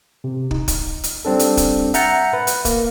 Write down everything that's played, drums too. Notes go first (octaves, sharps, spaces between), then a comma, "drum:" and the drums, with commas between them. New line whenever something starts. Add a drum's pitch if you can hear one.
C3
D#4, drum: kick
drum: kick, hi-hat
drum: hi-hat
G3 C4 D4 A4
drum: hi-hat
drum: kick, hi-hat
E5 F#5 A#5 G6 A6 C#7, drum: hi-hat
B4
drum: hi-hat
A#3, drum: kick, hi-hat